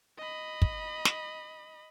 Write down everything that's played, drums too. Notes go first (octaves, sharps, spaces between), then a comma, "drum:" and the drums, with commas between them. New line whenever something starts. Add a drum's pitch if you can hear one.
D#5 B5
drum: kick
drum: snare